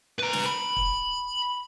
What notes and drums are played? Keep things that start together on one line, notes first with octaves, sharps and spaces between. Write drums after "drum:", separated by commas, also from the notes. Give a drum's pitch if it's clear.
B4 A#5
drum: snare
B5
drum: kick